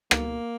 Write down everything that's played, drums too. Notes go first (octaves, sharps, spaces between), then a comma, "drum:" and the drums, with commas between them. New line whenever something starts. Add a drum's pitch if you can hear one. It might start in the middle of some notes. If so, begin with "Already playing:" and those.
A#3, drum: rim click